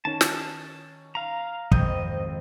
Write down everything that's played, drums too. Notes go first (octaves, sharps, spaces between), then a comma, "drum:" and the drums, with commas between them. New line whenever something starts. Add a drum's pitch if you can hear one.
D#3 C#4 A5
drum: snare
F5 A#5
G#1 F2 D#3 D#5 G6, drum: kick